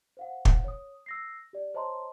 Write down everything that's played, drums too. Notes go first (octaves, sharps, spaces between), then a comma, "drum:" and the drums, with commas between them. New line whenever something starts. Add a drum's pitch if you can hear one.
C5 F5 F#5
drum: kick
C#5 D#6
E6 A#6 C7
G4 D5
C5 C#5 D#5 A5 A#5 C6